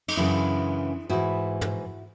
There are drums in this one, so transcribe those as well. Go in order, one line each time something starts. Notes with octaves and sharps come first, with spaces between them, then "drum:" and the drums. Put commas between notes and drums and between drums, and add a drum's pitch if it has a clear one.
D#4, drum: cymbal
F#2 C#3 E3 D4 E4
G#2 E3 E4 F#4
drum: tom